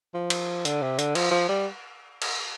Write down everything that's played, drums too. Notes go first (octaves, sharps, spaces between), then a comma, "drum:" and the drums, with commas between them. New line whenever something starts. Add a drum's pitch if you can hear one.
F3
drum: cymbal
D3, drum: hi-hat
C3
D3, drum: hi-hat
F3, drum: cymbal
F3
G3
drum: cymbal